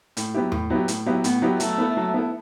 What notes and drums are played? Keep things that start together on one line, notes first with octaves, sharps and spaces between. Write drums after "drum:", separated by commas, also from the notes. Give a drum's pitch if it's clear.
A2, drum: hi-hat
F#3 B3 E4 G4
A2, drum: tom E2
F#3 B3 E4 G4
A2, drum: hi-hat
F#3 B3 E4 G4
A2 B3, drum: hi-hat
F#3 B3 E4 G4
F#3 A3, drum: hi-hat
B3 E4 A4
F#3
B3 E4 A4